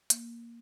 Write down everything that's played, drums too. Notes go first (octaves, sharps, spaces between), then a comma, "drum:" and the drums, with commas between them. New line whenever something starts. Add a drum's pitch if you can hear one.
A#3, drum: hi-hat